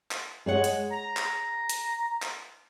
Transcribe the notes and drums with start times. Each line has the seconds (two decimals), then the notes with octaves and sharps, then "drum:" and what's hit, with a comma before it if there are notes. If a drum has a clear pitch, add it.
0.11 drum: clap
0.46 G#3 G#4 C#5 F#5
0.64 drum: hi-hat
0.90 A#5
1.17 drum: clap
1.69 drum: hi-hat
2.22 drum: clap